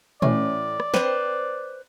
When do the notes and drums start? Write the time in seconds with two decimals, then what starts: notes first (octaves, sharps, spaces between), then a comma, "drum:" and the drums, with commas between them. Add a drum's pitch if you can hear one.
0.22 A2 E3 A3 C#4 D5, drum: tom A#2
0.80 drum: rim click
0.94 C4 B4 C5, drum: snare